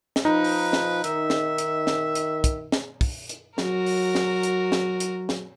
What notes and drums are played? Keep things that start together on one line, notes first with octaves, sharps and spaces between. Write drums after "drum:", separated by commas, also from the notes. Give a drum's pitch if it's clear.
drum: snare
F3 D#4 B4
drum: open hi-hat
drum: snare
D#3 E5, drum: hi-hat
drum: snare
drum: hi-hat
drum: snare
drum: hi-hat
drum: kick, hi-hat
drum: snare
drum: kick, open hi-hat
drum: hi-hat
F#3 F#4 A#4, drum: snare
drum: open hi-hat
drum: snare
drum: hi-hat
drum: snare
drum: hi-hat
drum: snare